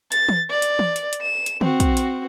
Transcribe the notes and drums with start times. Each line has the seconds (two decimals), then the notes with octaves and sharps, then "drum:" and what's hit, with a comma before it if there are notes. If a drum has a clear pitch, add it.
0.12 A6, drum: hi-hat
0.29 drum: tom
0.50 D5
0.62 drum: hi-hat
0.79 drum: tom
0.96 drum: hi-hat
1.13 drum: hi-hat
1.22 E7
1.46 drum: hi-hat
1.61 C4 F#4, drum: tom
1.80 drum: kick, hi-hat
1.97 drum: hi-hat